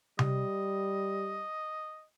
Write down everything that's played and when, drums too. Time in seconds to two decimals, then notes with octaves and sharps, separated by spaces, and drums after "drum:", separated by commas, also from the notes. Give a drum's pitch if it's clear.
0.19 G3 D#5, drum: tom C3